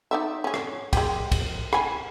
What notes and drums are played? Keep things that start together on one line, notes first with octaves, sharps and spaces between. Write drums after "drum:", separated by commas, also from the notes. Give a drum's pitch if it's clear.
D#4 D5 E5
C#4 G#4
drum: rim click
G#3 G4, drum: kick, cymbal
drum: kick, cymbal
G#5 B5, drum: rim click